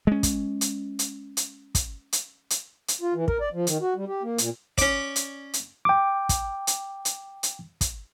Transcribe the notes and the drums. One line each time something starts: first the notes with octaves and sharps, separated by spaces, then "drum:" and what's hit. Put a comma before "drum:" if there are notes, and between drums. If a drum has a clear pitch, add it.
G#3 C#4
drum: kick, hi-hat
drum: hi-hat
drum: hi-hat
drum: hi-hat
drum: kick, hi-hat
drum: hi-hat
drum: hi-hat
drum: hi-hat
F4
E3
A#4, drum: kick
D5
F3
D#3, drum: hi-hat
F#4
G3
G4
A#3
A#2, drum: hi-hat
C#4 D5, drum: kick, hi-hat
drum: hi-hat
drum: hi-hat
G5 D6
drum: kick, hi-hat
drum: hi-hat
drum: hi-hat
drum: hi-hat
drum: kick, hi-hat